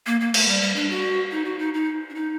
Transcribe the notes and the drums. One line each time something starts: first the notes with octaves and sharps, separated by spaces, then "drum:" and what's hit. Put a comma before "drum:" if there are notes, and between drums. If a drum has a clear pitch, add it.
A#3
A#3
A3, drum: cymbal
G3
G3
D4
F#4
D#4
F#4
D#4
D#4
D4
D#4